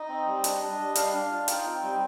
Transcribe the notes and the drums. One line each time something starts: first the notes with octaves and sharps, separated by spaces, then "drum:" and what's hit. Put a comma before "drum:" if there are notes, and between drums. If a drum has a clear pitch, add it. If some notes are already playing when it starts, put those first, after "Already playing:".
Already playing: D#4 D#5
C4
G3
D4, drum: hi-hat
D4
G3
D4 F5, drum: hi-hat
D4
F4
D#4 G5, drum: hi-hat
C4
G3